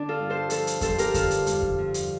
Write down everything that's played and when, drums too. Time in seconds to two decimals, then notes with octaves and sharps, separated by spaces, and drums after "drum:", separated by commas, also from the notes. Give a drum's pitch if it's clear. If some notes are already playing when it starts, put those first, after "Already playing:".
Already playing: D3 D4
0.09 F4 A4
0.19 G2
0.30 A4 C5
0.50 F3 A4 C5, drum: hi-hat
0.67 drum: hi-hat
0.81 G2 A4 C5, drum: kick F2, hi-hat
0.98 G4 A#4, drum: hi-hat
1.14 D3 F4 A4, drum: kick F2, hi-hat
1.31 drum: hi-hat
1.46 G2, drum: hi-hat
1.62 drum: kick F2
1.78 F3
1.94 drum: hi-hat